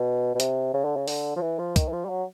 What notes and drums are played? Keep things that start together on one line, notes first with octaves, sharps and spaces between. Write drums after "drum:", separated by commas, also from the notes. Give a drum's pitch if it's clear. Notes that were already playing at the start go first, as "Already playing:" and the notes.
Already playing: B2
B2
C3, drum: hi-hat
C#3
D3
C#3
D3, drum: open hi-hat
F3
E3
F3
D#3, drum: kick, hi-hat
E3
F3
G3
F#3